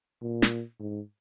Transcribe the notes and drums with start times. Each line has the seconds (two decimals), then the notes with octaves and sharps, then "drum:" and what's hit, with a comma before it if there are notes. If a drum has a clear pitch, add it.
0.22 A#2
0.42 drum: snare
0.80 G#2